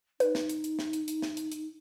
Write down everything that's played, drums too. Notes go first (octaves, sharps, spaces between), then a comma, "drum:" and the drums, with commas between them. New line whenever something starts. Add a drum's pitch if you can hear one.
D#4 B4, drum: hi-hat
drum: snare
drum: hi-hat
drum: hi-hat
drum: snare
drum: hi-hat
drum: hi-hat
drum: snare
drum: hi-hat
drum: hi-hat